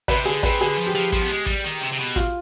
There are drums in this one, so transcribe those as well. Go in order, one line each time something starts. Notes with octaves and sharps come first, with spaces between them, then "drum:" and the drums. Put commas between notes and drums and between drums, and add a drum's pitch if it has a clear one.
C3 B4, drum: kick, hi-hat
D3 G#4, drum: open hi-hat
C3 B4, drum: kick, hi-hat
D3 G#4
F3, drum: open hi-hat
G4
F3, drum: hi-hat
F3, drum: kick
B3
G#3, drum: open hi-hat
G3, drum: kick, hi-hat
D#3
C3, drum: open hi-hat
C3
B2, drum: hi-hat
F4, drum: kick, hi-hat